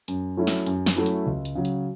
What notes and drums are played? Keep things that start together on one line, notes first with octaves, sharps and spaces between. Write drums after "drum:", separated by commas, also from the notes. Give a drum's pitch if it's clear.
F#2, drum: hi-hat
F#3 A3 C#4 E4
drum: snare
F#2, drum: hi-hat
drum: snare
F#3 A3 C#4 E4
drum: hi-hat
C#2
drum: hi-hat
C#3 F#3
drum: hi-hat